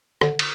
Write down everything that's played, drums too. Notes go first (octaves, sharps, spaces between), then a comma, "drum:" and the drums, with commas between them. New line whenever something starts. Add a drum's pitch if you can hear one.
D3, drum: rim click
drum: cymbal